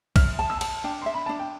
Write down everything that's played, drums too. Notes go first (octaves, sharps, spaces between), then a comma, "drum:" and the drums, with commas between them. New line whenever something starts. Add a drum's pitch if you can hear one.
E5 F6, drum: kick, cymbal
A5
E6
A5, drum: cymbal
D4 G5
E5 C6
B5
D4 A5
G5